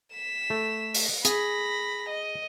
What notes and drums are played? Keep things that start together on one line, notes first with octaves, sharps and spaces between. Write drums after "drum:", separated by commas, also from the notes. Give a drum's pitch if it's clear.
B6 E7
A3
drum: open hi-hat
G#4 B5 A#6, drum: hi-hat
D#5